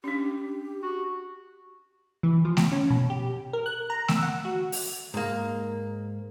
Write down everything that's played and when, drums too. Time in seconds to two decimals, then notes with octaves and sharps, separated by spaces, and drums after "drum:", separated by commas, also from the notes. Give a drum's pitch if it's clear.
0.04 C#4 D4 G4
0.83 F#4
2.23 E3
2.45 F3
2.57 drum: snare A3
2.72 C#4
2.90 B2
3.10 G4
3.53 A#4
3.66 F#6
3.90 A#5
4.08 E6, drum: snare A3
4.23 F#5
4.45 F#4
4.72 drum: open hi-hat
5.14 G#2 A#3